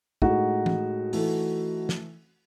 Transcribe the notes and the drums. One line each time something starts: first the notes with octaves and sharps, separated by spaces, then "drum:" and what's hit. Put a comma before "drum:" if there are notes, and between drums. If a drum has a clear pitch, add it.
A2 G#3 D#4 F#4, drum: kick
drum: tom E3
E3 A3, drum: open hi-hat
drum: snare